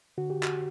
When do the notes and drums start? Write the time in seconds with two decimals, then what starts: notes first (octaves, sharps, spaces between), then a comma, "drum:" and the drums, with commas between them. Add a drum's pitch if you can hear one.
0.18 D3 F#4
0.30 G4
0.43 F#4, drum: clap